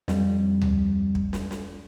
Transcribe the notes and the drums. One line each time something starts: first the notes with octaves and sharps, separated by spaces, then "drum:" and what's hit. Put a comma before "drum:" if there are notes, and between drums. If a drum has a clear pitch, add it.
F2 G3, drum: snare
drum: tom D2
drum: kick
drum: snare
drum: snare